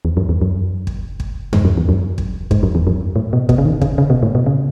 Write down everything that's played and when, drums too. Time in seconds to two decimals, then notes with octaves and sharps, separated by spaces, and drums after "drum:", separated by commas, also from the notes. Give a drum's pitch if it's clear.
0.05 E2
0.17 F#2
0.29 E2
0.41 F#2
0.87 drum: kick
1.20 drum: kick
1.53 G#2, drum: tom E2
1.65 F#2
1.77 E2
1.89 F#2
2.18 drum: kick
2.51 G#2, drum: kick
2.63 F#2
2.75 E2
2.87 F#2
3.16 A2
3.33 B2
3.49 B2, drum: kick
3.58 C#3
3.65 D#3
3.81 C#3, drum: kick
3.98 C#3
4.10 B2
4.23 A2
4.35 B2
4.46 C#3